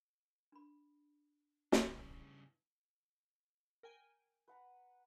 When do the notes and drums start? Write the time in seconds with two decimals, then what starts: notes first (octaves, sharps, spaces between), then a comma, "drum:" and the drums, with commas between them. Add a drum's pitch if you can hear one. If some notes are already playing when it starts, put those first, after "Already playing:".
0.52 D4 B5
1.72 G2 C#3 E4 B4, drum: snare
3.83 A#4 G5 G#5
4.48 B4 F#5 A#5